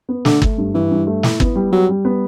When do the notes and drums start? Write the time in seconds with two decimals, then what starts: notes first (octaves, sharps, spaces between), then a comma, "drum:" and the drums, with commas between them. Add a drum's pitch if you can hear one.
0.09 B3
0.25 D3 A3, drum: snare
0.42 A3, drum: kick G1
0.58 G2
0.74 G2 E3
0.91 G2
1.07 A3
1.23 E4, drum: snare
1.40 B3, drum: kick G1
1.56 G3
1.72 F#3 G3
1.89 G3
2.05 B3